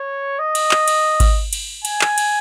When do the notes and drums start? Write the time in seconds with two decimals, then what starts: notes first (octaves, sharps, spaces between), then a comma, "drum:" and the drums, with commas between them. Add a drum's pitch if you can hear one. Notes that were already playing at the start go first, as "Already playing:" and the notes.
Already playing: C#5
0.39 D#5
0.55 drum: cymbal
0.71 drum: clap
0.88 drum: cymbal
1.20 drum: kick G#1, cymbal
1.53 drum: cymbal
1.85 G#5, drum: cymbal
2.01 drum: clap
2.18 drum: cymbal